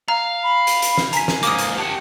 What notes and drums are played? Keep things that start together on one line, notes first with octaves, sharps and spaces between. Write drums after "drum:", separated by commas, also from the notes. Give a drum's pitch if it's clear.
F5 A#5
B5
drum: hi-hat
drum: hi-hat
drum: snare
G#5 A#5 B6, drum: hi-hat
drum: snare
G#2 A#3 D6 D#6, drum: hi-hat
drum: hi-hat
G4 F#5 A5